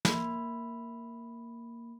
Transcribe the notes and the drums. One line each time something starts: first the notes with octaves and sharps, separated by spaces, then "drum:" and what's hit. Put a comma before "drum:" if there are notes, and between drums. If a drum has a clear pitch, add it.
A#3 B5, drum: snare